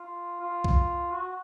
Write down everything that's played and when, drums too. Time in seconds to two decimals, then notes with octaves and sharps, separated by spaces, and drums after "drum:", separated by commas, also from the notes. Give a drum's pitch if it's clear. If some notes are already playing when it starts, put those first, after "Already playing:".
Already playing: F4
0.41 F4
0.64 drum: kick B1
1.12 F#4